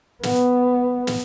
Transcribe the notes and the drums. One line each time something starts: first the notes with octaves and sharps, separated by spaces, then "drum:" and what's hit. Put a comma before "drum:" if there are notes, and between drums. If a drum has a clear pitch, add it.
B3, drum: snare
drum: snare